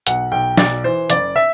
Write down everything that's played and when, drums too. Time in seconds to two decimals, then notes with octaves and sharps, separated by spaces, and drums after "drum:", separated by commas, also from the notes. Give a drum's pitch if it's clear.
0.07 B1 F#5, drum: hi-hat
0.32 B1 G5
0.57 B1 D5, drum: snare
0.84 E3 C5
1.10 F#1 D5, drum: hi-hat
1.36 E5